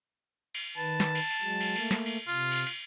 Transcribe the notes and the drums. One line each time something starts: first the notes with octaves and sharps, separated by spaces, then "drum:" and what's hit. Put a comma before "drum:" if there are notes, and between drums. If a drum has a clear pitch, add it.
drum: cymbal
D#3 B4 A5
drum: snare
drum: cymbal
drum: cymbal
F#3 G#3
drum: cymbal
A3 A#3, drum: cymbal
drum: snare
drum: cymbal
C3 F4
drum: cymbal
drum: cymbal